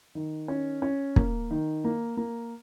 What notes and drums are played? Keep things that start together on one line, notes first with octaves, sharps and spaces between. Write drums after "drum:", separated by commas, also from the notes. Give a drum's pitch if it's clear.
D#3
C#4
C#4
A#3, drum: kick
D#3
A#3
A#3